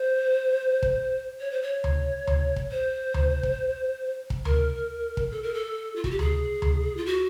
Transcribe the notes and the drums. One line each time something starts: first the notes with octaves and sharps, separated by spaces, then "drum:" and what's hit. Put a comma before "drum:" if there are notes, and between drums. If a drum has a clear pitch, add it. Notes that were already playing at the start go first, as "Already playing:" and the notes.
Already playing: C5
drum: kick
C#5
C5
C#5
drum: tom D2
drum: tom D2
drum: kick
C5
drum: tom D2
drum: kick
drum: kick
A#4, drum: tom D2
drum: kick
A4
A#4
A4
F4
F#4, drum: kick
G4
G#4, drum: tom D2
drum: tom D2
F4
F#4